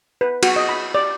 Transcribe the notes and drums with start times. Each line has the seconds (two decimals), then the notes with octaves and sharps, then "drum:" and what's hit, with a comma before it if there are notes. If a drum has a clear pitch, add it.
0.21 B4
0.43 F#4, drum: cymbal
0.56 D#5
0.69 B5
0.95 D5